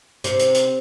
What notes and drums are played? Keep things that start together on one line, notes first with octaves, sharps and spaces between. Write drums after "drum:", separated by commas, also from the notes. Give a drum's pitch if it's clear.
C3, drum: hi-hat
drum: hi-hat
drum: hi-hat